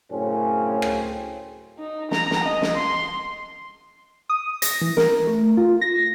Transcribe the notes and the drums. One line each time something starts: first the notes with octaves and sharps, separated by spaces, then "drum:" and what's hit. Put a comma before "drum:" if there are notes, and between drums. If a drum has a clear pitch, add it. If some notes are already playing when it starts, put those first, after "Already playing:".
F#2 A2 C#3 C4 C#4
drum: rim click
D#4
A#5, drum: snare
drum: snare
D#5
drum: snare
C6
D#6
A#6, drum: hi-hat
E3
A#4, drum: snare
A3
F4
A#6